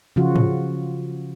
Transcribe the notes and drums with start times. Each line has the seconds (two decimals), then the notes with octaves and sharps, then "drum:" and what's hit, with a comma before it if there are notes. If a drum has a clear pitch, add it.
0.16 C#3 F3 F4 F#4
0.36 drum: tom G#2